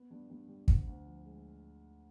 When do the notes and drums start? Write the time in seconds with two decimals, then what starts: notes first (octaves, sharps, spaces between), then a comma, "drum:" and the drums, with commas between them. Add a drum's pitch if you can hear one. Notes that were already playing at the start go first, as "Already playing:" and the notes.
Already playing: B3
0.11 G2
0.30 G2
0.49 G3
0.68 D2, drum: kick
0.87 D2
1.06 F3
1.25 G#3